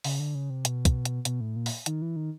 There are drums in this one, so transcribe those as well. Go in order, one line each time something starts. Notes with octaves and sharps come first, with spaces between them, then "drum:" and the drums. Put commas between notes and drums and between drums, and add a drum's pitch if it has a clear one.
C#3, drum: open hi-hat
D3
C#3
C3
B2, drum: hi-hat
drum: kick, hi-hat
drum: hi-hat
B2, drum: hi-hat
A2
A#2
drum: open hi-hat
D#3, drum: hi-hat
E3
D#3